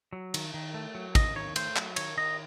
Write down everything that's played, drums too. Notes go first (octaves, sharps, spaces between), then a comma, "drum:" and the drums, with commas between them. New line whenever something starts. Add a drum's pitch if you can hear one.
F#3
D#3, drum: cymbal
D#3
A3
F#3
D#3 D#5, drum: kick, cymbal
D#3 C#5
A3 C5, drum: cymbal
F#3, drum: clap
D#3 C#5, drum: cymbal
D#3 D#5